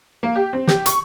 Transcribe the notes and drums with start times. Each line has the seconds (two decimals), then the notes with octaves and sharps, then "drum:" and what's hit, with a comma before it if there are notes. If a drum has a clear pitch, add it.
0.23 A#3
0.36 G4
0.53 C4
0.67 G4, drum: snare
0.86 C#6, drum: hi-hat